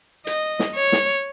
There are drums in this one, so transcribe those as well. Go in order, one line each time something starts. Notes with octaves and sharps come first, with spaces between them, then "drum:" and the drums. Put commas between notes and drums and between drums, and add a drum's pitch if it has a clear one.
D#5, drum: hi-hat
drum: snare
C#5
drum: snare